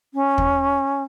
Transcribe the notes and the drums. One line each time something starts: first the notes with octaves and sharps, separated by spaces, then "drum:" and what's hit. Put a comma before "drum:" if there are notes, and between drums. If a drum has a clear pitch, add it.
C#4
drum: kick